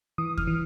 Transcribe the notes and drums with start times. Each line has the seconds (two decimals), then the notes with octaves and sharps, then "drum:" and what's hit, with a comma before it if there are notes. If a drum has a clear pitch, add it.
0.18 E3 D#6
0.37 F6, drum: kick
0.47 E3